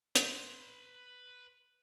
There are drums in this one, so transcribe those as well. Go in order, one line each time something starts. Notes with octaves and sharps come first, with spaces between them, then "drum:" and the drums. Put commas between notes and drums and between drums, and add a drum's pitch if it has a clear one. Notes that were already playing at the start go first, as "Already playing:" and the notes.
B4 C6, drum: hi-hat